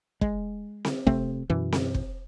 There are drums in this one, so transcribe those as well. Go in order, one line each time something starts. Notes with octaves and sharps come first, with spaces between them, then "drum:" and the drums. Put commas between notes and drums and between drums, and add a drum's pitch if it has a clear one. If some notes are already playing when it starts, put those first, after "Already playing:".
G#3, drum: kick
drum: snare C4
C3 A3 C4, drum: kick
F#2 B2 E3
drum: snare C4
drum: kick